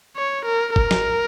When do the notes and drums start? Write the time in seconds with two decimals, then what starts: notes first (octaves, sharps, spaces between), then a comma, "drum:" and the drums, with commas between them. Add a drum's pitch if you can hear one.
0.16 C#5
0.46 A#4
0.76 A#4, drum: kick
0.91 drum: snare